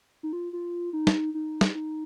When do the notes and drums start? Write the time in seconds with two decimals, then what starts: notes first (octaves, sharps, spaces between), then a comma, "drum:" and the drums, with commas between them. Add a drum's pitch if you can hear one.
0.23 D#4
0.33 F4
0.53 F4
0.93 D#4
1.07 drum: snare
1.34 D#4
1.61 drum: snare
1.75 D#4